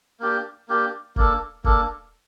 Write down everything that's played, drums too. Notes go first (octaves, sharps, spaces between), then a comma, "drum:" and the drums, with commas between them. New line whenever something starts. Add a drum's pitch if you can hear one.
A#3 D4 G4
A#3 D4 G4
A#3 D4 A4, drum: kick
A#3 D4 A4, drum: kick